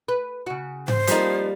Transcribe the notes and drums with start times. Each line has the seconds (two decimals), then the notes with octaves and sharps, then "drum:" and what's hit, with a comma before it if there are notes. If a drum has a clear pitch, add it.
0.08 B4
0.46 C#3 F#4
0.88 C5, drum: tom G#2
1.07 F3 G3 A#3 C4 D#4, drum: hi-hat